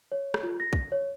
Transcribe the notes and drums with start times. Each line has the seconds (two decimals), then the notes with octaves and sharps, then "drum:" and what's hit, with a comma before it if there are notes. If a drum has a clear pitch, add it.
0.12 C#5
0.34 drum: rim click
0.43 F4
0.60 A#6
0.73 drum: kick
0.92 C#5